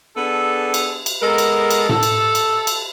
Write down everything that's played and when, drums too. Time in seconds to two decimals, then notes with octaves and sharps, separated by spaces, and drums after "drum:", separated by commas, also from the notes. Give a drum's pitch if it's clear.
0.16 B3 D4 G#4 A4
0.74 drum: cymbal
1.06 drum: cymbal
1.22 G#3 B3 A4 A#4
1.38 drum: cymbal
1.71 drum: cymbal
1.89 A4, drum: tom A2
2.03 drum: cymbal
2.35 drum: cymbal
2.67 drum: cymbal